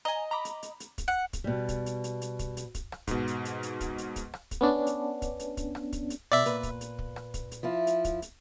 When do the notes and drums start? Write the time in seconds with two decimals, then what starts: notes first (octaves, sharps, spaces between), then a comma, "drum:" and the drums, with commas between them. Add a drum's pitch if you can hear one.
0.05 D#5 G#5 A#5
0.31 A#5 B5 D6
0.45 drum: hi-hat
0.63 drum: hi-hat
0.80 drum: hi-hat
0.98 drum: kick, hi-hat
1.08 F#5
1.33 drum: kick, hi-hat
1.44 B2 G3
1.69 drum: kick, hi-hat
1.86 drum: hi-hat
2.04 drum: hi-hat
2.22 drum: hi-hat
2.39 drum: kick, hi-hat
2.57 drum: hi-hat
2.75 drum: kick, hi-hat
2.92 drum: rim click
3.07 G#2 B2, drum: kick, hi-hat
3.28 drum: hi-hat
3.45 drum: hi-hat
3.63 drum: hi-hat
3.81 drum: kick, hi-hat
3.98 drum: hi-hat
4.16 drum: kick, hi-hat
4.34 drum: rim click
4.51 drum: kick, hi-hat
4.61 B3 C#4 D4
4.87 drum: hi-hat
5.22 drum: kick, hi-hat
5.40 drum: hi-hat
5.57 drum: kick, hi-hat
5.75 drum: rim click
5.93 drum: kick, hi-hat
6.10 drum: hi-hat
6.32 B2 D5 E5
6.46 A#2 B4, drum: hi-hat
6.63 drum: kick, hi-hat
6.81 drum: hi-hat
6.99 drum: kick
7.16 drum: rim click
7.34 drum: kick, hi-hat
7.52 drum: hi-hat
7.63 F3 E4 F4
7.87 drum: hi-hat
8.05 drum: kick, hi-hat
8.22 drum: hi-hat